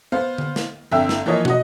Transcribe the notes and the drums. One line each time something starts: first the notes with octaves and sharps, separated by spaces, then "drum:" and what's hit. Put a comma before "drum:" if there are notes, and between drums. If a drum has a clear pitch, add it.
B3 C5 F5
drum: tom D3
drum: snare
G1 F2 E5 G5 E6
drum: snare
E3 F3 A#3 F4 C#5 D#5
F#4 D#5, drum: tom